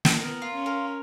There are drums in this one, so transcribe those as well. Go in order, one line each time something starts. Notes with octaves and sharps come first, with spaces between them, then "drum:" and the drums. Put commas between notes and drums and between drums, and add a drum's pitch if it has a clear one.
drum: snare
B3 A#4
F4
C#4
A#4